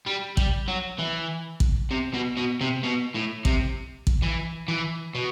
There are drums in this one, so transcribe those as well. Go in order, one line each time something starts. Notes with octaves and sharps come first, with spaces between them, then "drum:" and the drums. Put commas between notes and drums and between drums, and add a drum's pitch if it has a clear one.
G3
G3, drum: kick
F#3
E3
drum: kick
C3
B2
B2
C3
B2
A2
C3, drum: kick
drum: kick
E3
E3
B2